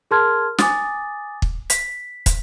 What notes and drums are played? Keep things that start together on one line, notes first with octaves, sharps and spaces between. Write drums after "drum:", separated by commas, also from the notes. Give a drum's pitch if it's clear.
G#4 A#4 A5 C6 F6 G#6
G#5 D6 D#6 A6, drum: snare
drum: kick
B6, drum: hi-hat
drum: kick, hi-hat